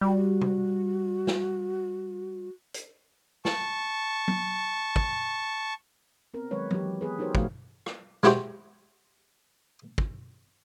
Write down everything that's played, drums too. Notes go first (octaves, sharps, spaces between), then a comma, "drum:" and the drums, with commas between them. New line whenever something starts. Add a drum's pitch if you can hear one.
G3 F#4
drum: tom
drum: snare
drum: hi-hat
A5 C#6, drum: snare
drum: tom
drum: kick
B3 C4 A#4
D#3 F#3 G#3 B4 C#5
E3 F#3 G4, drum: tom
B3 G#4 B4
D#4 F#4 G4 A#4 C5 C#5
A#2 F3 A3 F#4 F5, drum: kick
drum: rim click
G#3 E4 F#4 G4 C5, drum: snare
drum: kick